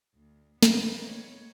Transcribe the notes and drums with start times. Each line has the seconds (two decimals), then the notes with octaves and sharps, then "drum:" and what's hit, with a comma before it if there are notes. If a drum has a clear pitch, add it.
0.16 D2
0.63 B3 C4 B4 D#5 A#5 B5, drum: snare
1.05 C#5